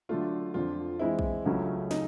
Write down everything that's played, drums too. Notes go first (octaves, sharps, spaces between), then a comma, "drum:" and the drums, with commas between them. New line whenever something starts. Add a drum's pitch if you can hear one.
D3 F#3 A3 D4 F4
F2 D3 F3 F4
E3 G#3 C4 E4
drum: kick
C#2 C#3 F#3 A3 C#4
D#4, drum: snare